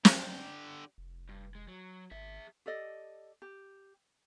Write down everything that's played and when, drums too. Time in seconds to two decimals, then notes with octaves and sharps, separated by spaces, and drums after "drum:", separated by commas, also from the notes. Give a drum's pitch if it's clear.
0.05 D3 G4, drum: snare
0.98 F1
1.29 G2
1.55 G#3
1.68 F#3
2.11 G#1 G#4 E5
2.66 G4 A4 D5 D#5
3.42 G4